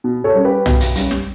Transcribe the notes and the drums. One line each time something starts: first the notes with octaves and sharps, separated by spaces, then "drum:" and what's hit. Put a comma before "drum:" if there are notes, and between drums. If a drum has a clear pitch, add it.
B2
A4 C#5
G3 C#4
G4 B4
B2, drum: tom
drum: hi-hat
G3 C#4, drum: hi-hat
drum: snare